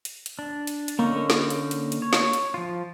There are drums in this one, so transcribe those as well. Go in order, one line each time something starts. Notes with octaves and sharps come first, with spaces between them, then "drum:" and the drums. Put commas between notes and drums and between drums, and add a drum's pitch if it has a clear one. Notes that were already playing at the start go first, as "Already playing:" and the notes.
drum: hi-hat
drum: hi-hat
D4
drum: hi-hat
drum: hi-hat
D3 A#3 C#4 D#4
A#3
drum: snare
drum: hi-hat
drum: hi-hat
drum: hi-hat
C#5
drum: snare
drum: hi-hat
F3 F4